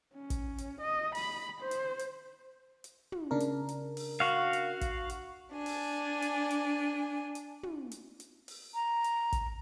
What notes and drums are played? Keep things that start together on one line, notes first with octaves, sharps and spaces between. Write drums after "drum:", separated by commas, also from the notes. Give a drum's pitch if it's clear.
C#4
drum: kick, hi-hat
drum: hi-hat
D#5
B5, drum: open hi-hat
C5
drum: hi-hat
drum: hi-hat
drum: hi-hat
drum: tom
C#3 D4 A#4
drum: hi-hat
drum: hi-hat
drum: open hi-hat
F#4 F5
drum: hi-hat
drum: kick, hi-hat
drum: hi-hat
D4 G#5
drum: open hi-hat
drum: hi-hat
drum: hi-hat
drum: hi-hat
drum: tom
drum: hi-hat
drum: hi-hat
drum: open hi-hat
A#5
drum: hi-hat
drum: kick, hi-hat